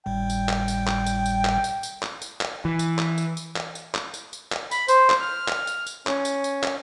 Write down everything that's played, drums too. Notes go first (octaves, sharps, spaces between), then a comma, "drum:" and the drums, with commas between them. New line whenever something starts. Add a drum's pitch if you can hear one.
G#1 A2 G3 G5
drum: tambourine
drum: clap
drum: tambourine
drum: clap
drum: tambourine
drum: tambourine
drum: clap
drum: tambourine
drum: tambourine
drum: clap
drum: tambourine
drum: clap
E3
drum: tambourine
drum: clap
drum: tambourine
drum: tambourine
drum: clap
drum: tambourine
drum: clap
drum: tambourine
drum: tambourine
drum: clap
B5, drum: tambourine
C5, drum: tambourine
drum: clap
F6
drum: clap
drum: tambourine
drum: tambourine
C#4, drum: clap
drum: tambourine
drum: tambourine
drum: clap